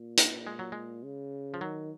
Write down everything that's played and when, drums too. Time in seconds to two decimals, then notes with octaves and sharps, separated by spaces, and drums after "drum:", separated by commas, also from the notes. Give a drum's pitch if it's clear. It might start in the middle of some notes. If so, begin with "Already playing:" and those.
Already playing: A#2
0.17 drum: hi-hat
0.47 G#3
0.59 F#3
0.72 G#3
1.03 C#3
1.54 F3
1.61 D#3 F#3